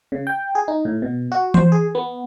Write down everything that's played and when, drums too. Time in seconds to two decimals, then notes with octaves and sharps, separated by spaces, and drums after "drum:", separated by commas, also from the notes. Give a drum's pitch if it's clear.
0.12 C#3
0.27 G5
0.55 G#4
0.68 D#4
0.85 A2
1.02 B2
1.32 F#4
1.54 C5, drum: tom E3
1.72 G#4
1.95 B3